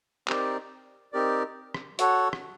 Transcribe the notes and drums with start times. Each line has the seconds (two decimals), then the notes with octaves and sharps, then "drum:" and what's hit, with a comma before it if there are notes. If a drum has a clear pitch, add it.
0.28 C4 D#4 G4 A#4 D5, drum: clap
1.13 C4 D#4 G4 A#4 D5
1.74 drum: rim click
1.99 F#4 A4 C#5 F#5, drum: hi-hat
2.33 drum: rim click